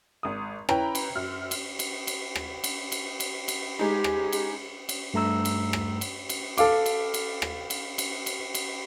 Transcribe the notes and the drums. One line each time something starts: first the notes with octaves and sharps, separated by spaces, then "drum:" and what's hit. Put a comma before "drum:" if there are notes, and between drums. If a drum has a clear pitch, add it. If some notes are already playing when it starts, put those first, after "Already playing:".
G#1 D#6
C#4 E4 B4 G5 A#5, drum: rim click
drum: cymbal
F#2 F6
drum: cymbal
drum: cymbal
drum: cymbal
drum: rim click
drum: cymbal
drum: cymbal
drum: cymbal
drum: cymbal
G#3 D#4 G4
drum: rim click
drum: cymbal
drum: cymbal
G2 A3 A#5 E6
drum: cymbal
drum: rim click
drum: cymbal
drum: cymbal
A4 F5 D6, drum: cymbal
drum: cymbal
drum: cymbal
drum: rim click
drum: cymbal
drum: cymbal
drum: cymbal
drum: cymbal